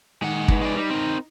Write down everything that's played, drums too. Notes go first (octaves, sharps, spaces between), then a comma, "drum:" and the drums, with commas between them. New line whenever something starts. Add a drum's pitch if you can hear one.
D#3 G#3 F#5
D#4 B4, drum: kick
G#3 D5
G3 D#4
C4 A#4